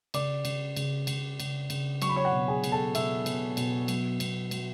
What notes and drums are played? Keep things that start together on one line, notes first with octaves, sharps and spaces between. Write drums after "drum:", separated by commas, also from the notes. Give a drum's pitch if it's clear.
C#3 D5 D6, drum: cymbal
C#3, drum: cymbal
C#3, drum: cymbal
C#3, drum: cymbal
C#3, drum: cymbal
C#3, drum: cymbal
F#3 C#6, drum: cymbal
B5
C#5 C#6
F#5
B2
G#4 G#5
B2, drum: cymbal
A4 A5
B2 E5 E6, drum: cymbal
B2, drum: cymbal
B2, drum: cymbal
F#3, drum: cymbal
B2, drum: cymbal
F#3, drum: cymbal